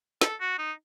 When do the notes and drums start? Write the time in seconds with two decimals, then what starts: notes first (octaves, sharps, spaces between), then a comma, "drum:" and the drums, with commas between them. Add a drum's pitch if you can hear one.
0.21 A4, drum: snare
0.40 F#4
0.58 D#4